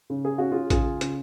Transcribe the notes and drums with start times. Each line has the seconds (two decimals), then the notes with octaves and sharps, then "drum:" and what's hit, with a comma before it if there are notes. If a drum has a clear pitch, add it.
0.10 C#3
0.25 G#4
0.38 C#4 F#4
0.52 F4 G#4
0.70 C#2 F4 G#4, drum: kick A1, hi-hat
1.01 C#3, drum: hi-hat